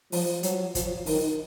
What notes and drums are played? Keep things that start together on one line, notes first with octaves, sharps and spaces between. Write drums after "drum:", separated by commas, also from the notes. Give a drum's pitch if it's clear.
F3, drum: open hi-hat
F#3, drum: hi-hat
F3, drum: kick, hi-hat
D#3, drum: open hi-hat